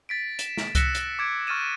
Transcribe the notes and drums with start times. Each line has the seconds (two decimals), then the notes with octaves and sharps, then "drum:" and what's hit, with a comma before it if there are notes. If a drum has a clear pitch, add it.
0.09 A6 B6 D7
0.39 E7, drum: hi-hat
0.57 drum: snare
0.75 E6 F#6 A#6 B6 C#7 E7, drum: kick C2, hi-hat
0.95 drum: hi-hat
1.19 D6 G#6 D7
1.47 C#6 F6 A6 D#7 E7